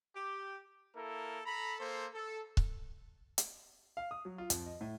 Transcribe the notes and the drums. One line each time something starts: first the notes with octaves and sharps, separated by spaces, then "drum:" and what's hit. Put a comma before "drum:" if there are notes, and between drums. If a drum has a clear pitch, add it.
G4
A#3 E4 A4 A#4
A4 A#5 B5
A#3 A4 C5
A4
drum: kick C#1
drum: hi-hat
F5
D#6
F#3
F4
F2, drum: hi-hat
D#5
A2